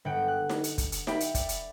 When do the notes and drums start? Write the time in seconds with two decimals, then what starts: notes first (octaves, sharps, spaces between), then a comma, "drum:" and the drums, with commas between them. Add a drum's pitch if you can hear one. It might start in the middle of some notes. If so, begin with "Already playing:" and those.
0.05 G1 F#5 G5
0.28 F#6
0.50 drum: snare D#4
0.64 drum: hi-hat
0.78 drum: kick, hi-hat
0.92 drum: hi-hat
1.07 E5 G5 B5, drum: snare D#4
1.20 drum: hi-hat
1.35 D5, drum: kick, hi-hat
1.49 drum: hi-hat